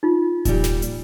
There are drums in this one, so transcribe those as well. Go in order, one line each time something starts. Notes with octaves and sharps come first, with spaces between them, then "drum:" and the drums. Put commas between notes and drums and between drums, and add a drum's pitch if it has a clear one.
D#4 F4
A#2 G3, drum: kick D#1, hi-hat
drum: snare
drum: hi-hat